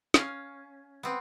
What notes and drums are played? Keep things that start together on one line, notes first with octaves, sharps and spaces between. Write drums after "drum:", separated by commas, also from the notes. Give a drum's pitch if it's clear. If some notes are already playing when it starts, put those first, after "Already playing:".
C#4 F5, drum: snare
B3 C4